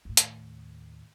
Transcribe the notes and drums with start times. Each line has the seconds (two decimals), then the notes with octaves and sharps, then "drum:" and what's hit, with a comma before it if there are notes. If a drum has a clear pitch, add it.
0.05 D#2 A2
0.17 drum: hi-hat